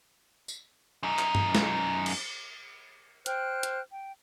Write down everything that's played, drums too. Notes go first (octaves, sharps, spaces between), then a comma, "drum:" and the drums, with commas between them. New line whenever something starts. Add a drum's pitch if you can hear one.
drum: tambourine
F#2 D#4
drum: clap
drum: tom
drum: snare
drum: cymbal
C5 G5 F6 F#6, drum: hi-hat
drum: hi-hat
G5